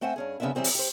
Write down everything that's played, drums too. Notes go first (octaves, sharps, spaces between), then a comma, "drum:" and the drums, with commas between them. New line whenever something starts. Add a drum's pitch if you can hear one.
A3 C4 C5 E5 F#5 G#5
G2 C#4 G#4
F#2 C#3 B3 C4 D4 E5
E3 F#3 G3 C4 G#4
drum: open hi-hat
G4 C5